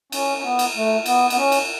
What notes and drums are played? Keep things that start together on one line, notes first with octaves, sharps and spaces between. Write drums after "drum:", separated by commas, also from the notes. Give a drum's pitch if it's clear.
C#4, drum: cymbal
C#4
B3
drum: cymbal
A3
B3, drum: cymbal
B3, drum: cymbal
C#4
drum: cymbal